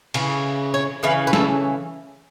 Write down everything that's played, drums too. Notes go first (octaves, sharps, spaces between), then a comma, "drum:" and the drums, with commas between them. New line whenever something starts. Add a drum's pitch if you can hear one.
C#3 E3, drum: cymbal
C#5
C#3 E3 C#4 B4
B4
A4, drum: snare